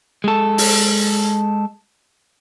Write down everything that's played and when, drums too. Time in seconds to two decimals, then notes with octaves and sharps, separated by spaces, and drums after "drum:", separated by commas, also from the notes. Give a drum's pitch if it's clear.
0.24 G#3 A4
0.58 drum: open hi-hat